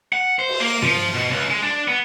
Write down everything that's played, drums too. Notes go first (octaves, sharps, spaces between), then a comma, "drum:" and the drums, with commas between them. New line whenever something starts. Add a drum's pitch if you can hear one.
F#5
C5
drum: cymbal
A#3
F3, drum: tom
B2
C#2
G#3
D4
B3